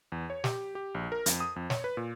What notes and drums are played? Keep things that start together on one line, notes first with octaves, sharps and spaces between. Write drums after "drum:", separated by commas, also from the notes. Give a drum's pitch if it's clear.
E2
C#5
G4, drum: snare
G4
A#1
A#4
F2, drum: hi-hat
D#6
F2
C#5, drum: snare
B4
A#2